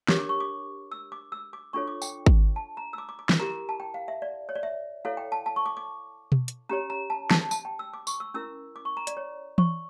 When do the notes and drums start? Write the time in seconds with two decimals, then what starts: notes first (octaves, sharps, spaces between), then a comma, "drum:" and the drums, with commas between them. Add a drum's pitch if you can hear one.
0.09 D4 G4 A#4 C#5 D6, drum: snare
0.19 D6
0.29 C#6
0.40 D6
0.92 E6
1.12 D6
1.32 E6
1.53 D6
1.73 D4 F4 A4 C#5 C#6
1.87 D6
2.02 G5, drum: tambourine
2.26 drum: kick G#1
2.56 A5
2.77 A#5
2.93 E6
2.98 D6
3.09 D6
3.19 D6
3.29 D6, drum: snare
3.39 E4 G4 A#4 A#5
3.69 A5
3.80 G5
3.94 F5
4.08 E5
4.22 D5
4.49 C#5
4.55 D5
4.63 E5
5.05 E4 A4 C#5 F5
5.17 G5
5.32 A5
5.46 A5
5.56 C#6
5.66 D6
5.77 D6
6.32 drum: tom B2
6.48 drum: hi-hat
6.69 C#4 G4 C#5 A#5
6.90 A#5
7.10 A5
7.31 A5, drum: snare
7.51 A5, drum: tambourine
7.65 G5
7.79 E6
7.93 D6
8.07 C#6, drum: tambourine
8.20 E6
8.34 C#4 E4 A#4 E6
8.76 D6
8.85 C#6
8.97 A#5
9.07 D5, drum: hi-hat
9.17 C#5
9.58 C#6, drum: tom E3